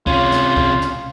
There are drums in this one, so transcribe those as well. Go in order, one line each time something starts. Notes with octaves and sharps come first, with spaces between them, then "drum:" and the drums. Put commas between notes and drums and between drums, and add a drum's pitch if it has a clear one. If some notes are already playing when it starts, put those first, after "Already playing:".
C3 C#4 F4, drum: kick C#2
drum: snare
drum: kick C#2
drum: snare